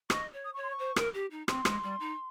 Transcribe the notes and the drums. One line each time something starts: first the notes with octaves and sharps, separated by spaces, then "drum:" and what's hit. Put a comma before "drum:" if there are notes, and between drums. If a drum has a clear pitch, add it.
D#5 C#6, drum: rim click
C#5
D#6
C#5 C#6
C6
C#6
C5
A#4, drum: rim click
G4
D#4
C4 C6, drum: rim click
G#3, drum: rim click
G3
D#4